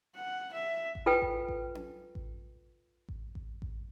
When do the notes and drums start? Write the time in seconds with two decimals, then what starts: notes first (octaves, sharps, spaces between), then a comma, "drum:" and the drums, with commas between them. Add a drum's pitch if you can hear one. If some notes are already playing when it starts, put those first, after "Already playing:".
0.15 F#5
0.53 E5
0.95 drum: kick A1
1.06 F4 A4 B4 G5
1.22 drum: kick A1
1.48 drum: kick A1
1.75 drum: tom C#4
2.15 drum: kick A1
3.09 drum: kick A1
3.35 drum: kick A1
3.62 drum: kick A1